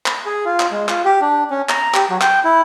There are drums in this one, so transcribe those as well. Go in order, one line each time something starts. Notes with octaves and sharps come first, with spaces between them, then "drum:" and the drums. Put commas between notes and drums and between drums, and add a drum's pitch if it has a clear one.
drum: clap
G#4
F4
drum: clap
G#3
F4, drum: clap
G4
D4
C#4
A#5, drum: clap
G4, drum: clap
F#3
G5, drum: clap
E4